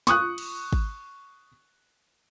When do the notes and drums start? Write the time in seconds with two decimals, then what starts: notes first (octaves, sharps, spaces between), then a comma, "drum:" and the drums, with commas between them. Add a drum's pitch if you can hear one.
0.07 C#6 D#6 F#6, drum: snare
0.38 drum: cymbal
0.73 drum: kick G#1